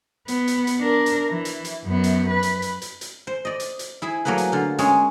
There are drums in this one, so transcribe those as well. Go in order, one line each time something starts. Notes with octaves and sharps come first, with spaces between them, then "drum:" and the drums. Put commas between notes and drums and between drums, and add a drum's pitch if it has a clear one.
B3, drum: hi-hat
drum: hi-hat
drum: hi-hat
D4 A#4
drum: hi-hat
E3
drum: hi-hat
drum: hi-hat
F#2 B3
drum: hi-hat
B4
drum: hi-hat
drum: hi-hat
drum: hi-hat
drum: hi-hat
C5
D5 D#5
drum: hi-hat
drum: hi-hat
E4 G#4 E5
F#3 A3 A#3 G#4 B4
drum: hi-hat
D3 F4
G#3 C#4 G#4, drum: hi-hat